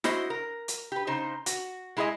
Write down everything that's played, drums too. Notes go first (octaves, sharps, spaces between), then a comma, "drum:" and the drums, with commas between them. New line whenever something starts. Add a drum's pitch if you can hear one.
E4 F#4 C5 D#5, drum: snare
A#4
drum: hi-hat
G4 B4
C#3 D#4 C5
F#4, drum: hi-hat
G#3 E4 G#4 C5 D#5 G#5